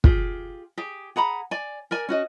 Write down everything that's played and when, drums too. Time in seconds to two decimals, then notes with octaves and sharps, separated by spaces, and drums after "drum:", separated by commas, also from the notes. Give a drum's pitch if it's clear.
0.04 F4 G4 G#4, drum: kick
0.78 G4 G#4
1.16 G#4 F#5 A#5 B5
1.51 D5 G#5
1.91 A#4 D5 G#5
2.09 C#4 F#4 D#5